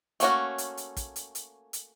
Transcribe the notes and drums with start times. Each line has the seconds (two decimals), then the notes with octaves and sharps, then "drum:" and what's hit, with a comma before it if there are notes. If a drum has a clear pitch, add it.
0.20 A3 A#3 C#4 F#4, drum: hi-hat
0.58 drum: hi-hat
0.77 drum: hi-hat
0.97 drum: kick, hi-hat
1.16 drum: hi-hat
1.35 drum: hi-hat
1.73 drum: hi-hat